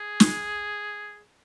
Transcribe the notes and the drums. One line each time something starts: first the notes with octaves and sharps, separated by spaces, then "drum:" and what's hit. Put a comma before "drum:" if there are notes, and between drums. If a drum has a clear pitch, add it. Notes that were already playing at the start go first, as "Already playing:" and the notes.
Already playing: G#4
drum: snare